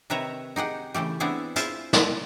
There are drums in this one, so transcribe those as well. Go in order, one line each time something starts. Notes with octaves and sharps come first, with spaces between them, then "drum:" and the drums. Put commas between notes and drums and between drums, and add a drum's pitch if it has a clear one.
C3 D#3 B4 C#5 E5 A#5
D#4 G4 G#4 F#5
C#3 E3 A3 G4
B3 C4 D4 E4 G#4 C#5
E4 F4 G#4 C5 E5, drum: hi-hat
drum: snare